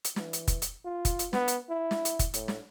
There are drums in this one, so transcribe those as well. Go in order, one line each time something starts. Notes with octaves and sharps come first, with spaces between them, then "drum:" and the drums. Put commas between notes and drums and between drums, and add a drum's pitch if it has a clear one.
drum: hi-hat
E3, drum: snare
drum: hi-hat
drum: kick F1, hi-hat
drum: hi-hat
F4
drum: kick F1, hi-hat
drum: hi-hat
B3, drum: snare
drum: hi-hat
E4
drum: snare
drum: hi-hat
drum: kick F1, hi-hat
A2, drum: hi-hat
drum: snare